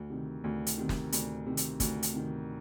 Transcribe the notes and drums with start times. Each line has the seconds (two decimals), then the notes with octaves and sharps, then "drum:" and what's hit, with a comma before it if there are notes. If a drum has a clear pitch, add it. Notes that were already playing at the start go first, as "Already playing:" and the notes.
Already playing: D2
0.10 C3 D#3
0.44 D2
0.67 drum: hi-hat
0.78 C3 D#3
0.89 drum: snare
1.12 D2, drum: hi-hat
1.46 C3 D#3
1.57 drum: hi-hat
1.80 D2, drum: kick, hi-hat
2.03 drum: hi-hat
2.14 C3 D#3